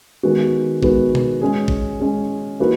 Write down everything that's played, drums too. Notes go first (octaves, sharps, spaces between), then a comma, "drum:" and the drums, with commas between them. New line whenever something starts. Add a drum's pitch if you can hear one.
D#3 G#3 B3 F#4
D#3 G#3 B3 F#4, drum: kick G#1
drum: tom B2
G#3 C#4 G#4
drum: kick G#1
G#3 C#4 G#4
E3 A#3 D#4 F#4 B4